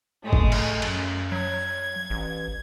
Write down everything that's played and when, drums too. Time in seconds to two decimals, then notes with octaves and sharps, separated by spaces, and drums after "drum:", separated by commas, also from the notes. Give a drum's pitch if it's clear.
0.23 A2 G#3 A3
0.33 drum: kick G#1
0.52 drum: cymbal
0.82 F#2, drum: cymbal
1.32 F#3 G#6
2.10 A1